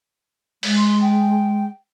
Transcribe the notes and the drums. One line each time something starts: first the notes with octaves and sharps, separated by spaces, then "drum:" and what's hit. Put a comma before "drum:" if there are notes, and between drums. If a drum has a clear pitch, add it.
G#3, drum: open hi-hat
C6
G5